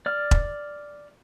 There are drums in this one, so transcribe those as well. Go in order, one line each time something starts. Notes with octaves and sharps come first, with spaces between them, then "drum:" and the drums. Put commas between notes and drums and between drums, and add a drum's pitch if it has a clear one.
D5 F6
drum: kick E1